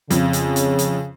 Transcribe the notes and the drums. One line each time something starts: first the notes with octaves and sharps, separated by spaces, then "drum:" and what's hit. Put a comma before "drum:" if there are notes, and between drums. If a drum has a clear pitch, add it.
F2 C#3, drum: hi-hat
drum: hi-hat
drum: hi-hat
drum: hi-hat